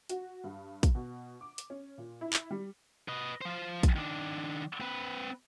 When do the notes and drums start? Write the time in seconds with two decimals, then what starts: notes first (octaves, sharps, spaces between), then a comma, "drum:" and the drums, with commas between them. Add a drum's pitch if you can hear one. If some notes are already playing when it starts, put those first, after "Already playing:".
0.09 F#4, drum: hi-hat
0.44 G2
0.83 drum: kick, hi-hat
0.95 B2
1.41 D6
1.58 drum: hi-hat
1.70 C#4
1.98 A#2
2.21 E4
2.33 drum: clap
2.51 G3
3.08 B4 D#5
3.41 F3 C5
3.83 drum: kick, hi-hat
3.96 D#3 D4
4.80 C4 B4